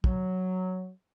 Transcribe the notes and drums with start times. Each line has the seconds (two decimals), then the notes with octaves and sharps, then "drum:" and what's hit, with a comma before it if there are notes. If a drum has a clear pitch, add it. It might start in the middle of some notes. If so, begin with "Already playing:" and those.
0.04 F#3, drum: kick